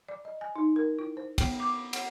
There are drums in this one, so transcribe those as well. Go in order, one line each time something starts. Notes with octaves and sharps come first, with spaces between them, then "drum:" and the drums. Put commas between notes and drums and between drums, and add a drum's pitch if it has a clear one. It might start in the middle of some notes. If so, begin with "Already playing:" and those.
D5
D#5
G#5
D#4
A#4
E4
C5
B3, drum: kick, cymbal
D6
F#5, drum: cymbal